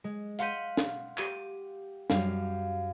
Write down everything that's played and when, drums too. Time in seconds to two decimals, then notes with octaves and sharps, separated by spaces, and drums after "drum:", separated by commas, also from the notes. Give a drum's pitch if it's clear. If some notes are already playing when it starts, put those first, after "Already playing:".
0.04 G#3
0.39 F5 F#5 C6 G6 B6 D#7, drum: hi-hat
0.77 drum: snare
1.18 G4 D#7, drum: clap
2.10 F#2 G3 F5, drum: snare